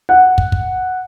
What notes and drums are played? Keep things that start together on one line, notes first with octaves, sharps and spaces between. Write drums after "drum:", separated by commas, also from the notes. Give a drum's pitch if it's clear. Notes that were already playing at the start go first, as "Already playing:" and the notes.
F#5
drum: kick
drum: kick